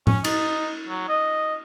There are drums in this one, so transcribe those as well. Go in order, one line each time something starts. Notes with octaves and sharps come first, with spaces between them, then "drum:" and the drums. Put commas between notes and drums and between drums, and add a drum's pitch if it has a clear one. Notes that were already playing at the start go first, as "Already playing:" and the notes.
C#4, drum: tom A2
D#4, drum: cymbal
F#3
D#5